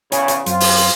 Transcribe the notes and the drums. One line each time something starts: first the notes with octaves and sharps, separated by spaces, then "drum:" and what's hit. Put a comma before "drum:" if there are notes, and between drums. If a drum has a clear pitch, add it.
E2 C#3 C#5 G#5, drum: hi-hat
drum: hi-hat
F#2 C4 F4, drum: hi-hat
drum: open hi-hat
drum: hi-hat